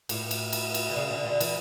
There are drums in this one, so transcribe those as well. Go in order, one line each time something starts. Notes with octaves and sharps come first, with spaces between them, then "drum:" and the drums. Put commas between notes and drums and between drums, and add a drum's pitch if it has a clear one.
A2, drum: cymbal
drum: cymbal
drum: cymbal
drum: cymbal
D3
C#3
D3
D3
E3, drum: cymbal